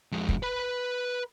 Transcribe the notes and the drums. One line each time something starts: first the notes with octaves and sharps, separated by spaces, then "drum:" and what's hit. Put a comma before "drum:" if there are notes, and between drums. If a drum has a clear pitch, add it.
F2 G#3
drum: kick
B4 B5